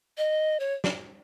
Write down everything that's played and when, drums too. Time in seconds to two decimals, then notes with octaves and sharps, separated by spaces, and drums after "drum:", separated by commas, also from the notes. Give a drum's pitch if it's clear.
0.18 D#5
0.60 C#5
0.84 drum: snare